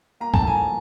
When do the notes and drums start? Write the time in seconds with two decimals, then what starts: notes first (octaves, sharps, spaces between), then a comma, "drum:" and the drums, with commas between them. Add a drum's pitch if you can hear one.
0.20 A#3 A#5
0.34 A2 A5, drum: kick
0.47 G#5 A#5
0.54 F3